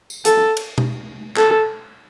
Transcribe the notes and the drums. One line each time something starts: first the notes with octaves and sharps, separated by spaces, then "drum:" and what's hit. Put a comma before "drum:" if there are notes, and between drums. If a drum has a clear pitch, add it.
drum: tambourine
A4, drum: hi-hat
drum: cymbal
drum: tom B2
A4, drum: clap